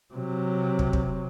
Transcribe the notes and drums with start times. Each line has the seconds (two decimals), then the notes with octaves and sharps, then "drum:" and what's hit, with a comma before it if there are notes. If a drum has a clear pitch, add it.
0.14 C3 F#3
0.79 drum: kick
0.93 drum: kick